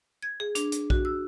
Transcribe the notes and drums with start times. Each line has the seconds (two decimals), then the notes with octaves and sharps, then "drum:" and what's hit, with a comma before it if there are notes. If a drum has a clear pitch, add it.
0.23 G#6
0.40 G#4
0.55 D4, drum: hi-hat
0.72 drum: hi-hat
0.90 F#4, drum: kick A#1
1.05 E6